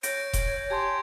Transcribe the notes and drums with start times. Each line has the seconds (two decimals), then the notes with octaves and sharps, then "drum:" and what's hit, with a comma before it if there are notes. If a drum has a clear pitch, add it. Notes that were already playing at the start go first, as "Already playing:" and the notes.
0.03 C#5 G6 A#6 D7, drum: hi-hat
0.33 drum: kick D#1, hi-hat
0.70 G4 G#5 A5 C6 G#6